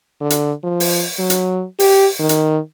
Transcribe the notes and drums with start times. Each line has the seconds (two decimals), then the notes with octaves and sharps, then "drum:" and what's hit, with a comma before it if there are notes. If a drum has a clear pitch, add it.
0.21 D3
0.30 drum: hi-hat
0.64 F3
0.80 drum: open hi-hat
1.19 F#3
1.30 drum: hi-hat
1.79 G4, drum: open hi-hat
2.20 D#3
2.29 drum: hi-hat